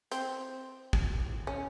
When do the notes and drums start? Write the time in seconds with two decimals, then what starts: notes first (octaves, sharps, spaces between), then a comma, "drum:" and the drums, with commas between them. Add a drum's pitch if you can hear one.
0.12 C4, drum: hi-hat
0.93 drum: kick
1.47 C#4